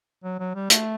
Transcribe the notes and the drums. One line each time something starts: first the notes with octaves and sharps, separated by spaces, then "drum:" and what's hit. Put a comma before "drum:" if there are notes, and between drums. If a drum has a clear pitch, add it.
F#3
F#3
G3
A3, drum: hi-hat